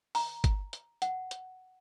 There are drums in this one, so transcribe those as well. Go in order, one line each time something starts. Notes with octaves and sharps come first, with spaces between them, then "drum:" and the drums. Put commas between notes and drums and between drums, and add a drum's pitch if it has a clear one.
A#5, drum: open hi-hat
drum: kick, hi-hat
drum: hi-hat
F#5, drum: hi-hat
drum: hi-hat